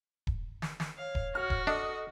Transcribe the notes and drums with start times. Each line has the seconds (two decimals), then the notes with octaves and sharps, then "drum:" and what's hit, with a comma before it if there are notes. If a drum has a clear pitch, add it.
0.27 drum: kick D#1
0.62 drum: snare
0.80 drum: snare
0.97 C#5 F5
1.15 drum: kick D#1
1.35 F#4 F6
1.50 drum: kick D#1
1.67 D4 A4 D#5